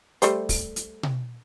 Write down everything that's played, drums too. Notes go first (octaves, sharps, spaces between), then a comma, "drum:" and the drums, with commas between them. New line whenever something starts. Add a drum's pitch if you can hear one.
G3 A3 C5, drum: hi-hat
drum: kick, open hi-hat
drum: hi-hat
drum: tom B2